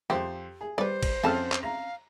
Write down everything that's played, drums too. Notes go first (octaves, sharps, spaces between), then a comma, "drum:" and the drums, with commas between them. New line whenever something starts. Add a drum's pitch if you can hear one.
F2 G4 C5
G#4
G3 B4 C5 D5
drum: kick, cymbal
F2 C4 C#4 A4 A5 F6
drum: clap
F5 A#5